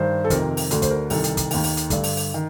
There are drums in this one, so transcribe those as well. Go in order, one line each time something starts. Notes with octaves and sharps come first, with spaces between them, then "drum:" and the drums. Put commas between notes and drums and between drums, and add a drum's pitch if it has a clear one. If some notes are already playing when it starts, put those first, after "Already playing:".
Already playing: G2 D#3 C5
A4
F2 C3 D#3 A#4, drum: kick, hi-hat
drum: open hi-hat
D2 D3, drum: hi-hat
C5, drum: kick, hi-hat
A#4
C2 C3 D#3 A4, drum: open hi-hat
drum: hi-hat
drum: kick, hi-hat
D#2 D#3, drum: open hi-hat
drum: open hi-hat
drum: hi-hat
G2 D3, drum: kick, hi-hat
drum: open hi-hat
drum: open hi-hat
D#3